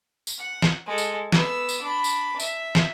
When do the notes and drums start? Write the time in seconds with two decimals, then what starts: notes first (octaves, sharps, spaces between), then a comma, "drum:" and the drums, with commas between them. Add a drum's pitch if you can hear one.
0.27 drum: tambourine
0.38 F#5
0.62 drum: snare
0.86 G#3 A4
0.98 drum: tambourine
1.32 B3 E6, drum: snare
1.69 drum: tambourine
1.81 D4 B5
2.04 drum: tambourine
2.40 E5, drum: tambourine
2.75 drum: snare